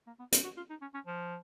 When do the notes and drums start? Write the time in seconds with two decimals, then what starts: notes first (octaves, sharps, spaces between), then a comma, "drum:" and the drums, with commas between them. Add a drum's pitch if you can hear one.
0.07 A#3
0.19 B3
0.32 F4, drum: hi-hat
0.44 F#4
0.57 F4
0.70 D#4
0.81 C#4
0.94 C#4
1.07 F3